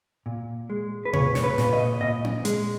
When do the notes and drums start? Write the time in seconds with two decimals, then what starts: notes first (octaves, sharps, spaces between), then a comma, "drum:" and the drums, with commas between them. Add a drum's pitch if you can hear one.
0.26 A#2
0.70 G#3
1.05 B4
1.13 A#2 C#5, drum: tom B2
1.35 C#5, drum: snare
1.44 B4
1.58 A#2, drum: snare
1.73 D#5
2.01 A#2 D#5
2.25 drum: tom C4
2.45 G#3, drum: hi-hat